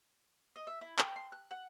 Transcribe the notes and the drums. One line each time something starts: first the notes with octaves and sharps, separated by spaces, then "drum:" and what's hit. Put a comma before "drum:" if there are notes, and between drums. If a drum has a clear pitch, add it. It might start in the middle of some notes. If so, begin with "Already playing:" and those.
D#5
E5
E4
G5, drum: clap
C6
F#6
F#5